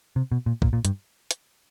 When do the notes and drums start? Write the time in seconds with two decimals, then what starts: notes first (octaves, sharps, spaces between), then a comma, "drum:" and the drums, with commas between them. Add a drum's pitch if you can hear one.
0.16 C3
0.32 B2
0.46 A#2
0.62 A#2, drum: kick
0.73 A#2
0.85 G2, drum: hi-hat
1.31 drum: hi-hat